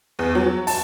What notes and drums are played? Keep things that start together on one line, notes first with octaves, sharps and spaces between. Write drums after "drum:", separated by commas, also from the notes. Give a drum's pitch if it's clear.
E2
F#3
A5, drum: open hi-hat